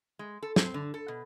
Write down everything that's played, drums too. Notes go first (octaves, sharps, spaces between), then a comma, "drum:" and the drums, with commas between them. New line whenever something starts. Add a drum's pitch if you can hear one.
G#3
A4
C4, drum: snare
D3
A4
B2